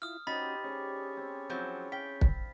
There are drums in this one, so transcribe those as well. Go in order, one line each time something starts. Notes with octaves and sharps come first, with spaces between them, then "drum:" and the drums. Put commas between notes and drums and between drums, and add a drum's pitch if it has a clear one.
E4 F4 D#6 F6
C#4 D#4 F#4 G4 C5 B5 A6 B6
C#4 D4 G4 G#4 C#5 D#5
C4 A4 D6
F3 F#3 C4 E4 F#4
F5 G5 B6
drum: kick